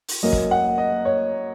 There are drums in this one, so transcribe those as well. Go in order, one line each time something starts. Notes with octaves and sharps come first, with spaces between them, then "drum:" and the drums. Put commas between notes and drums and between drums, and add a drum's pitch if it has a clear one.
drum: open hi-hat
F#2 F#3 A#3 D#5
drum: kick
F#5
D#5
C#5